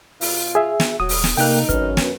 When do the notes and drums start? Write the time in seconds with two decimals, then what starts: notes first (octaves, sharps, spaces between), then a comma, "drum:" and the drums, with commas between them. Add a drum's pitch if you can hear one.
0.21 B2 F4, drum: open hi-hat
0.55 G#4 E5
0.80 drum: snare
1.00 D#1 F#3 D#6
1.09 drum: open hi-hat
1.24 drum: snare
1.37 C3 A3 A#3 D#4 G5 F#6, drum: open hi-hat
1.69 G#1 F#2 C#4 B4 F6, drum: kick, hi-hat
1.97 drum: snare